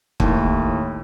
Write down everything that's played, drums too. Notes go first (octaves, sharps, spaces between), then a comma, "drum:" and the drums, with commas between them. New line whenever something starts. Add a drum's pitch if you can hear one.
D#2 A2, drum: kick